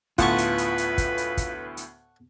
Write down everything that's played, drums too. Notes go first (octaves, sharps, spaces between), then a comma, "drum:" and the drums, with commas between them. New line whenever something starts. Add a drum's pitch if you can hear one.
D2 A2 B3 F4 B4 F#5 A5 C#6, drum: kick, hi-hat
drum: hi-hat
drum: hi-hat
drum: hi-hat
drum: kick, hi-hat
drum: hi-hat
drum: kick, hi-hat
drum: hi-hat